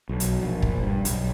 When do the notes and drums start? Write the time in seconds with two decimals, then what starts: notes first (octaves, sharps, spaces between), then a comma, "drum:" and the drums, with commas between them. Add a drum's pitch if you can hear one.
0.09 B1
0.20 drum: hi-hat
0.42 A#1
0.62 drum: kick
0.82 G2
1.05 B1, drum: hi-hat